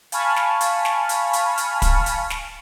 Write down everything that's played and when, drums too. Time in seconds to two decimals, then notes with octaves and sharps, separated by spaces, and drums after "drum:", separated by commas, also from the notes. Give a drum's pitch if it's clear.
0.12 F5 G#5 A5 B5 C#6 F6, drum: hi-hat
0.36 drum: snare
0.61 drum: hi-hat
0.85 drum: snare
1.09 drum: hi-hat
1.33 drum: hi-hat
1.58 drum: hi-hat
1.82 drum: kick, hi-hat
2.06 drum: hi-hat
2.30 drum: snare